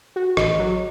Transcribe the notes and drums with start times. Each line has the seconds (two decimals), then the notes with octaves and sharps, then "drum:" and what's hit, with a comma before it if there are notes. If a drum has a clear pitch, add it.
0.16 F#4
0.37 A1 D#5, drum: rim click
0.59 F#3